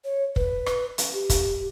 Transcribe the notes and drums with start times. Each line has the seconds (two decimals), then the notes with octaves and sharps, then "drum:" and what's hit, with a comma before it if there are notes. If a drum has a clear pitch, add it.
0.05 C#5
0.36 B4, drum: kick
0.66 drum: rim click
0.98 drum: hi-hat
1.14 G4
1.29 drum: kick, hi-hat